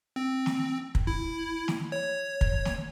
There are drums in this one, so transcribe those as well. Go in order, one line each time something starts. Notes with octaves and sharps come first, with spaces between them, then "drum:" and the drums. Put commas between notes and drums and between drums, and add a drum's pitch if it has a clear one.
C4
drum: snare
drum: kick
E4
drum: snare
C#5
drum: kick
drum: snare